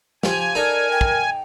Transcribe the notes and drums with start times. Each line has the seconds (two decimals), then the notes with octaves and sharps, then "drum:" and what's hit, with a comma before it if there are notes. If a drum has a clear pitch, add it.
0.23 F3 G4 G#5, drum: snare
0.55 D#4 A4 A#4 D5
0.91 G5
1.01 drum: kick